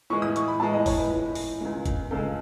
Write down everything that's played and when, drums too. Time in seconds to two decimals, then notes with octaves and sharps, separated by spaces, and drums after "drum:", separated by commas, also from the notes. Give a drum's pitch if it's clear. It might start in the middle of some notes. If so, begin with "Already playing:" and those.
0.10 A2 E3 G#3 C#6
0.22 D#6
0.36 C#6, drum: hi-hat
0.48 B5
0.60 A2 E3 G#3 A5
0.73 D#5
0.86 C#5, drum: kick, open hi-hat
0.98 B4
1.10 A2 E3 G#3
1.35 drum: open hi-hat
1.61 C#2 C#3 G#3
1.86 drum: kick, hi-hat
2.11 C#2 C#3 G#3 A4